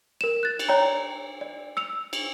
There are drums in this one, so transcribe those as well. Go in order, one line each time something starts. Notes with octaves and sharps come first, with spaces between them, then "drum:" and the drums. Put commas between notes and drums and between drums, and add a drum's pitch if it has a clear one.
A#4 E7
F#6 A6
drum: cymbal
C#5 D5 G5 A#5
D5
E6 C#7 F7
drum: cymbal